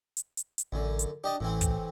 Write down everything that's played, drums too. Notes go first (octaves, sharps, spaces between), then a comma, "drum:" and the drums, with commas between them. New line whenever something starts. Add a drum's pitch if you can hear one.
drum: hi-hat
drum: hi-hat
drum: hi-hat
A1 F#2 D3
drum: hi-hat
D4 G4 D#5 A5
A1 A2 E3 C4
drum: kick, hi-hat